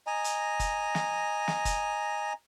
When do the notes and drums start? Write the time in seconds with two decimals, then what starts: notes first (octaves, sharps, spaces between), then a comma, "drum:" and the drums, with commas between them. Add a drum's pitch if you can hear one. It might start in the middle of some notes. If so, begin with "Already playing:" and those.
0.07 D#5 G#5 A#5
0.24 drum: hi-hat
0.60 drum: kick, hi-hat
0.95 drum: snare
1.48 drum: snare
1.65 drum: kick, hi-hat